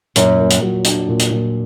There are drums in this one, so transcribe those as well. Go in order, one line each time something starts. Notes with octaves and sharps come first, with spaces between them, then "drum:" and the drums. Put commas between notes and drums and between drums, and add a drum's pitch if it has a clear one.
F#2 A#2, drum: hi-hat
A#2
drum: hi-hat
F#3
D4, drum: hi-hat
A#2
drum: hi-hat
A#2